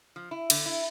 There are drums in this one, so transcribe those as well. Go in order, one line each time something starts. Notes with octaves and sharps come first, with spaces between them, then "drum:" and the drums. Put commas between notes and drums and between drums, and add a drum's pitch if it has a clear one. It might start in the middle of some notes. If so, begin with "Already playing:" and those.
F3
E4
D3, drum: cymbal
E4